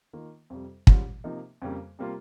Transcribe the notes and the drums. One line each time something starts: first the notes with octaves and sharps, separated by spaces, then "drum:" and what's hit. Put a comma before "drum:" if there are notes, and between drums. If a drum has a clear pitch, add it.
D#3 A#3 F4
F2 C3 G3
G#2 G3 C#4 F4, drum: kick
C3 F3 A#3 D#4
F2 C#3 G3 A#3
C3 G3 A#3 F4